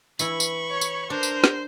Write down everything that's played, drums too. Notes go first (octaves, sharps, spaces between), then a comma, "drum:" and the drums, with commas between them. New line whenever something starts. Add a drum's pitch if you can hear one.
E3 E4 B5 C#6, drum: tambourine
drum: tambourine
C#5
drum: tambourine
D4 A#4 C5
drum: tambourine
drum: snare